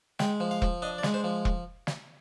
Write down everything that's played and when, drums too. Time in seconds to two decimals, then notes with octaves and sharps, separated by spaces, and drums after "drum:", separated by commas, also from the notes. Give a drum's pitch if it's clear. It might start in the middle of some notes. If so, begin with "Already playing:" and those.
0.19 G#3 G5, drum: snare
0.40 F3
0.51 F5
0.62 F3, drum: kick E1
0.82 D4 D#5
0.98 D5
1.03 G#3, drum: snare
1.14 C5
1.24 F3
1.45 drum: kick E1
1.87 drum: snare